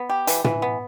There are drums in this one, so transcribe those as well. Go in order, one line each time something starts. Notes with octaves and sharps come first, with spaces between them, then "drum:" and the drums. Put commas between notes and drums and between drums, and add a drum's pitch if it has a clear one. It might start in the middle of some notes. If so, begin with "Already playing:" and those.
Already playing: B3
G4
E3, drum: hi-hat
E3, drum: tom
B3